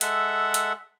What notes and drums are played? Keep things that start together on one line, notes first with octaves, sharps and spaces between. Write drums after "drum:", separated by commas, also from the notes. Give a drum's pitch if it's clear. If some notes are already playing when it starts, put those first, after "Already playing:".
G#3 A4 E5 F#5, drum: hi-hat
drum: hi-hat